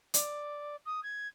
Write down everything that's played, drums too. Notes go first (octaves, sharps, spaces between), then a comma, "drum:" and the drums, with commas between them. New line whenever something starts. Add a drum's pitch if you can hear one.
D5, drum: hi-hat
D#6
G#6